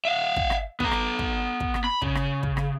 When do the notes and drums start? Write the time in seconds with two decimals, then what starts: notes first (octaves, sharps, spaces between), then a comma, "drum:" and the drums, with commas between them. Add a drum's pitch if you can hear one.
0.05 E5 F5
0.36 drum: kick
0.50 drum: rim click
0.80 B3 A#5, drum: kick
0.91 drum: rim click
1.19 drum: kick
1.60 drum: kick
1.74 drum: rim click
1.84 B5
2.02 C#3, drum: kick
2.15 drum: rim click
2.43 drum: kick
2.57 drum: rim click